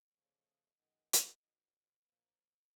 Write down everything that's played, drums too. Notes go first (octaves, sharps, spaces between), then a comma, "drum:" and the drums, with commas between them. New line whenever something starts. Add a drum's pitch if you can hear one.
C#3 F3 A3 C#5
D5
D#5
F#2 D#3 G#3 B3
drum: hi-hat
G#2 D#3 F#3
C#5
C5
A#2 F3 A#3 B4
A#4